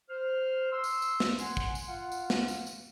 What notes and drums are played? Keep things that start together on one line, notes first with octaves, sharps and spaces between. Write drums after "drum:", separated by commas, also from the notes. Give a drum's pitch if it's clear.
C5 F6
C6 E6
drum: tambourine
drum: tambourine
drum: snare
F#5 G#5 C6, drum: tambourine
drum: kick
drum: tambourine
F4 F5 F#5
drum: tambourine
drum: snare
drum: tambourine
drum: tambourine